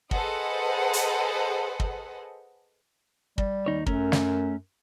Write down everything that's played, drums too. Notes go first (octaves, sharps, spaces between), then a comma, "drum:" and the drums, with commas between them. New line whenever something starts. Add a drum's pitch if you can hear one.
G#4 A4 B4 C5 D#5 F#5, drum: kick
drum: hi-hat
drum: kick
G3, drum: kick
D#2 D#4 C#5
F#2 A3 C#4 A#4, drum: kick
drum: snare